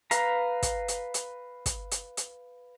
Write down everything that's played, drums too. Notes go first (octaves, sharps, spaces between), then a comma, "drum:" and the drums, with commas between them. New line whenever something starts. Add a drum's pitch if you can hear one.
B4 F5 A#5, drum: hi-hat
drum: kick, hi-hat
drum: hi-hat
drum: hi-hat
drum: kick, hi-hat
drum: hi-hat
drum: hi-hat